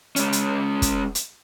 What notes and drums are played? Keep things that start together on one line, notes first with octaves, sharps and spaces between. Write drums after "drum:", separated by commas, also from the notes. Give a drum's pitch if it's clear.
G#3 C#4, drum: hi-hat
drum: hi-hat
drum: kick, hi-hat
drum: hi-hat